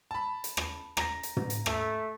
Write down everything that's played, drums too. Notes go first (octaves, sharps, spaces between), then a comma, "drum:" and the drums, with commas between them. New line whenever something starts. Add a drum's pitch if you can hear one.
A5 B5
drum: hi-hat
drum: rim click
A#5 A#6, drum: rim click
drum: hi-hat
drum: tom
drum: hi-hat
A3, drum: rim click